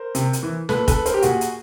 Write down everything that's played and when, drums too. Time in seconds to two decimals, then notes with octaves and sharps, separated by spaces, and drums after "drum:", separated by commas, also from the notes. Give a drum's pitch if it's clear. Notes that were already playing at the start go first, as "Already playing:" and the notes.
Already playing: A#4 C5
0.15 C3, drum: hi-hat
0.33 drum: hi-hat
0.43 E3
0.69 A#2 A4 B4, drum: snare
0.88 A4 B4, drum: kick, hi-hat
1.06 A#4 C5, drum: hi-hat
1.14 G4
1.22 A#2 F#4 G#4, drum: hi-hat
1.41 drum: hi-hat